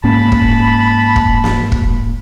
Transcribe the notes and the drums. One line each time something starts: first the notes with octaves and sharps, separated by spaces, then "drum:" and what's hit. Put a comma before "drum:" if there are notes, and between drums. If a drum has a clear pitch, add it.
G#2 A#3 C#4 A5 B5
drum: kick
drum: kick
drum: snare
drum: kick